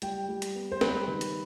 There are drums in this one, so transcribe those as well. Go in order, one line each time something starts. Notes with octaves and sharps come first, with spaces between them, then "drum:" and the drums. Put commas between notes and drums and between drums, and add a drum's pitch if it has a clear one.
G3 G5, drum: hi-hat
G3
drum: hi-hat
B3
C5
G3 B4, drum: snare
D#3
drum: hi-hat